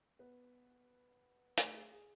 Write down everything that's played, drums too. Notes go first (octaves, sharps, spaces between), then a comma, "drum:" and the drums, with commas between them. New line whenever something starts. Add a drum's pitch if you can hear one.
B3 B4
A3 A4, drum: hi-hat
G#4
G#4